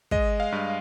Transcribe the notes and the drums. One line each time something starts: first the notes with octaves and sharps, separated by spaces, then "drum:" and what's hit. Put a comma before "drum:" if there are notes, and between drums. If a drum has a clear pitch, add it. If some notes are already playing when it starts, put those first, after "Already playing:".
G#3 D#5, drum: kick
F5
G2